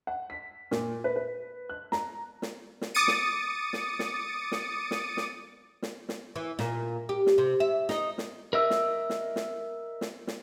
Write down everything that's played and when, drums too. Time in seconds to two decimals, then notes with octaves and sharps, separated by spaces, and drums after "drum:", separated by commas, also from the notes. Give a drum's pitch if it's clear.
0.07 F#5
0.30 B6
0.71 A#2, drum: snare
1.04 B4
1.16 B4
1.70 F#6
1.92 A#5, drum: snare
2.42 drum: snare
2.81 drum: snare
2.95 D6 D#6 A6 C#7 D#7
3.08 drum: snare
3.73 drum: snare
3.99 drum: snare
4.52 drum: snare
4.91 drum: snare
5.17 drum: snare
5.82 drum: snare
6.09 drum: snare
6.36 E3
6.59 A#2, drum: snare
7.09 G4
7.26 drum: snare
7.38 C3
7.60 E5
7.89 D#4, drum: snare
8.18 drum: snare
8.53 A#4 D#5 E5
8.70 drum: snare
9.10 drum: snare
9.36 drum: snare
10.01 drum: snare
10.27 drum: snare